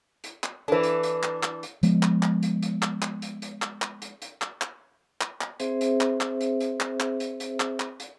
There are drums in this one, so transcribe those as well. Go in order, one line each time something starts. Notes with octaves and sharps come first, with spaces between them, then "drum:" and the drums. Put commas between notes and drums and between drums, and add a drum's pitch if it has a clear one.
drum: hi-hat
drum: clap
E3 D4 A4 B4
drum: hi-hat
drum: hi-hat
drum: clap
drum: clap
drum: hi-hat
F3 G#3 B3, drum: hi-hat
drum: clap
drum: clap
drum: hi-hat
drum: hi-hat
drum: clap
drum: clap
drum: hi-hat
drum: hi-hat
drum: clap
drum: clap
drum: hi-hat
drum: hi-hat
drum: clap
drum: clap
drum: clap
drum: clap
C4 G#4 C5 E5, drum: hi-hat
drum: hi-hat
drum: clap
drum: clap
drum: hi-hat
drum: hi-hat
drum: clap
drum: clap
drum: hi-hat
drum: hi-hat
drum: clap
drum: clap
drum: hi-hat